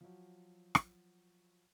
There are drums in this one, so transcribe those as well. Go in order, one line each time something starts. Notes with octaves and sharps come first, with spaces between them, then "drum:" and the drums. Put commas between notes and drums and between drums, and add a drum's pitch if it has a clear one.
F3 F#3
drum: rim click